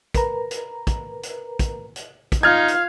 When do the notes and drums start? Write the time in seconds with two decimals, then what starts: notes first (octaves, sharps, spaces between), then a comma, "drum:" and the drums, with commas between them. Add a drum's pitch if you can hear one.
0.14 A#4 B4 A#5, drum: kick, hi-hat
0.51 drum: hi-hat
0.87 drum: kick, hi-hat
1.23 drum: hi-hat
1.59 drum: kick, hi-hat
1.96 drum: hi-hat
2.32 drum: kick, hi-hat
2.43 D#4 F4 F5 F6 G#6
2.68 drum: hi-hat